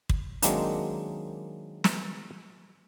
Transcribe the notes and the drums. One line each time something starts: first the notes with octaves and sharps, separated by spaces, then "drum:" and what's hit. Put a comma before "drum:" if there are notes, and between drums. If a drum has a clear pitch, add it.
drum: kick
D#3 F#3 G#3 A#3 C4 D4, drum: hi-hat
drum: snare